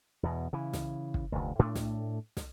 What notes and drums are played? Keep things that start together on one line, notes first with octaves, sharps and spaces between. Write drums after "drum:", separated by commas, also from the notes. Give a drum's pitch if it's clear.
E2 B2
C#3 E3
drum: snare
drum: kick
F1 D2
A2 A3 D4
drum: snare
drum: snare